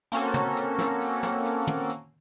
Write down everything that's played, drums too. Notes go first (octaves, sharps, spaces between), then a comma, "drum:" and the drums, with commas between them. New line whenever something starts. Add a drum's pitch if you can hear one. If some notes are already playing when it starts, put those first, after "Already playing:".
A#3 C4 C#4 F#4 A4, drum: hi-hat
drum: tom
drum: hi-hat
drum: snare
drum: open hi-hat
drum: snare
drum: hi-hat
drum: tom
drum: hi-hat